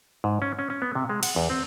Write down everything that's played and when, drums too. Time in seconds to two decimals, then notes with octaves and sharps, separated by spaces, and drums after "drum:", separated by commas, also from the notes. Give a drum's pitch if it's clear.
0.24 G#2
0.42 C#4
0.59 C#4
0.70 C#4
0.82 B3
0.95 C3
1.09 G#3
1.23 F#5, drum: cymbal
1.36 E2
1.50 C4